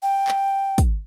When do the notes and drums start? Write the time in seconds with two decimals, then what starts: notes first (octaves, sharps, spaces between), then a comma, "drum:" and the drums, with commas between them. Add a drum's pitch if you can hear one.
0.03 G5
0.28 drum: clap
0.78 drum: kick, hi-hat